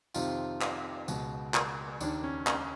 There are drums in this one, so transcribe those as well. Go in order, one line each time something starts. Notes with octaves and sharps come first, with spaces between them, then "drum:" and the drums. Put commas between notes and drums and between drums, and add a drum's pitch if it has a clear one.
F2 C3 D#3 F4, drum: tambourine
drum: clap
C#2 B2, drum: tambourine
drum: clap
D#2 D#3 D4, drum: tambourine
C#4
C#4, drum: clap